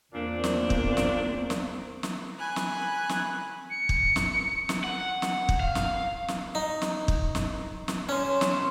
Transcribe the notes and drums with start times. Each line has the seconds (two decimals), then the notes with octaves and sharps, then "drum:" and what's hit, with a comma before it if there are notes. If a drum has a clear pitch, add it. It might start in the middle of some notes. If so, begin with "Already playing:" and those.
0.13 E2 A#2 A#3 C4 D4
0.44 drum: snare
0.70 drum: kick
0.97 drum: snare
1.50 drum: snare
2.03 drum: snare
2.38 G#5 B5 F#6
2.56 drum: snare
3.09 drum: snare
3.70 C#7
3.89 drum: kick
4.16 drum: snare
4.69 drum: snare
4.84 F#5
5.22 drum: snare
5.49 drum: kick
5.60 F5
5.75 drum: snare
6.28 drum: snare
6.55 D#4
6.82 drum: snare
7.08 drum: kick
7.35 drum: snare
7.88 drum: snare
8.09 C#4 C#5 C6
8.41 drum: snare